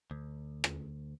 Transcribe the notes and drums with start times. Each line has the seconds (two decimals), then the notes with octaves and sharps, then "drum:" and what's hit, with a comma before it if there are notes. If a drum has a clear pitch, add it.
0.11 D2
0.64 drum: rim click